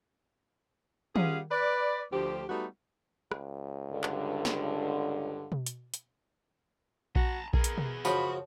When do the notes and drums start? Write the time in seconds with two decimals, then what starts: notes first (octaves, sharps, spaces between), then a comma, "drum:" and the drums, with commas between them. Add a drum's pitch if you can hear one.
1.16 G3 C#4 F4 G#4 F5 F#5, drum: tom
1.51 B4 D5
2.12 D2 F3 G4
2.49 G3 A3 B3 D#4 F#4
3.31 C#2, drum: rim click
3.91 G2 D3
4.03 drum: clap
4.45 drum: snare
5.52 drum: tom B2
5.66 drum: hi-hat
5.94 drum: hi-hat
7.16 F#4 A5 A#5, drum: kick A#1
7.54 B3 G#4 A#4, drum: kick A#1
7.64 drum: hi-hat
7.78 drum: tom B2
8.05 F#2 C#3 F3 F#4 C#5 A5 B5, drum: tambourine